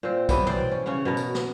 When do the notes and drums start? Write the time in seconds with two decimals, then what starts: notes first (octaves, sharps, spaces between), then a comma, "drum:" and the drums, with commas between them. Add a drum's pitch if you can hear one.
0.03 A#2 C4
0.29 E3 F#3 G3 B3, drum: kick, tambourine
0.47 C5 D5, drum: tom
0.71 C#4
0.86 C#3 C#4 C#5 F#5
1.05 B2 B3 A#4
1.17 drum: tambourine
1.35 drum: snare